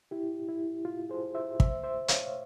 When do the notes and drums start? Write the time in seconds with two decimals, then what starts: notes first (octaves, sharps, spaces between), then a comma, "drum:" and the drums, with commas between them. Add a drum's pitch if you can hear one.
0.11 E4 G4
0.48 E4
0.85 F4
1.10 G#4 C5
1.34 C5 E5
1.60 C5 E5, drum: kick
1.83 C5 E5
2.08 C#5 F5, drum: hi-hat